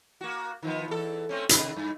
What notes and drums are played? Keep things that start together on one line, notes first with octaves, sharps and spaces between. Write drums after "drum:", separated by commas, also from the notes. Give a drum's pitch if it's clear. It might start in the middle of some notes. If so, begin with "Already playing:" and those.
A#3 F#4
D#3 F3 B3
E2 A4
A3 C4 C#4
C3 D#3, drum: hi-hat
G2